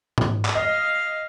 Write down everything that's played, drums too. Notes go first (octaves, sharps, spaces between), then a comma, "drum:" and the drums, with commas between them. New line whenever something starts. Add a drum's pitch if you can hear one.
drum: tom G#2
drum: clap
D#5 F5